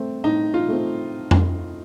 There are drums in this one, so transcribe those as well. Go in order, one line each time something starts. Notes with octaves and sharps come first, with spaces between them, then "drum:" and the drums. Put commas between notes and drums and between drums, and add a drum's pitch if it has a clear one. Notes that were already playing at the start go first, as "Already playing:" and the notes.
Already playing: A3 C4
A2 D#4
F4
A3 C4
drum: tom F2